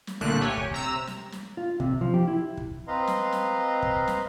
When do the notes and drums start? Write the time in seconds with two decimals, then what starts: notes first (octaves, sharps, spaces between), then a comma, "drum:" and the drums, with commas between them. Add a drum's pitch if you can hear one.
0.07 drum: snare
0.21 C2 A#2 D3 A3 A#3 F#6
0.41 G4 C#5 G#5
0.57 drum: kick
0.72 C3 A#5 E6
1.07 drum: snare
1.32 drum: snare
1.57 F4
1.80 C3, drum: kick
2.01 F3
2.14 G4
2.28 E4
2.57 drum: kick
2.88 C4 B4 D#5 F5 A#5 C6
3.07 drum: snare
3.32 drum: snare
3.82 drum: kick
4.08 drum: snare